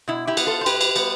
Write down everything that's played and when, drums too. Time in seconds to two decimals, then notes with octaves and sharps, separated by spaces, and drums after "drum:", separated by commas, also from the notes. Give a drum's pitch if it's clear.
0.08 B2 E4
0.27 E4 G4
0.37 B3, drum: cymbal
0.46 F4 A4
0.61 C5
0.66 A2 G4 B4, drum: cymbal
0.81 drum: cymbal
0.96 G3 B3, drum: cymbal